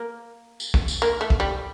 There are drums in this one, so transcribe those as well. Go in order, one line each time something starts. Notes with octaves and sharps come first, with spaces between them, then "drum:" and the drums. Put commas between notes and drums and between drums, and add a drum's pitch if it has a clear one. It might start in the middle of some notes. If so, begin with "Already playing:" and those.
Already playing: A#3
drum: tambourine
drum: kick
drum: tambourine
A#3
A3
drum: kick
G3